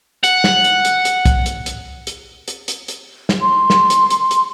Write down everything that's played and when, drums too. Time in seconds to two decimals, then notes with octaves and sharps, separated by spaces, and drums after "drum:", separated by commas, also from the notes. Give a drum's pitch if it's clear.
0.24 F#5, drum: hi-hat
0.44 drum: snare
0.64 drum: hi-hat
0.85 drum: hi-hat
1.05 drum: hi-hat
1.25 drum: kick, hi-hat
1.46 drum: hi-hat
1.66 drum: hi-hat
2.07 drum: hi-hat
2.48 drum: hi-hat
2.68 drum: hi-hat
2.88 drum: hi-hat
3.29 drum: snare
3.41 C6
3.70 drum: snare
3.90 drum: hi-hat
4.10 drum: hi-hat
4.31 drum: hi-hat